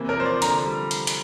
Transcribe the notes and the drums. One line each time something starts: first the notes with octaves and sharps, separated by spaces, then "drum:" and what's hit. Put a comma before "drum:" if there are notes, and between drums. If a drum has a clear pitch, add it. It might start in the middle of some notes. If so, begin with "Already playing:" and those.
Already playing: C3 E3 A#3
A#4
F3 C5
D5
D3 A#5, drum: hi-hat
G3
drum: hi-hat
drum: hi-hat